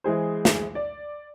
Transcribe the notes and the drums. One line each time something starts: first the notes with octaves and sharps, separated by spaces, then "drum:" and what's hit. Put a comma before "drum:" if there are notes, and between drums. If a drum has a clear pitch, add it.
E3 G#3 G#4 C5
drum: snare
D5